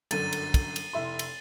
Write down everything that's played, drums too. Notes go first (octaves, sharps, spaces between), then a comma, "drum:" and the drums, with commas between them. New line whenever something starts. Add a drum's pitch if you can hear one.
G1 F#2 D3 A6 D#7, drum: cymbal
drum: cymbal
drum: kick, cymbal
drum: cymbal
F1 E4 C6
drum: cymbal